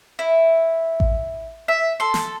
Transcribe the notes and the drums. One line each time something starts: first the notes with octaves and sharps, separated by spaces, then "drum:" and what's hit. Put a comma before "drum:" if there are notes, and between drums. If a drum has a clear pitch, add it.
E4
drum: kick A1
E5
A4 C6
drum: snare